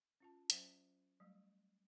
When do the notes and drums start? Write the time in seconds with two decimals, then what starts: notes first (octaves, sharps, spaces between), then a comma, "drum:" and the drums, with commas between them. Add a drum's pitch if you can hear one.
0.20 C#4 F4 A5
0.50 F#3 C#4 C5 E5 F#5, drum: hi-hat
1.20 F#3 G3 A3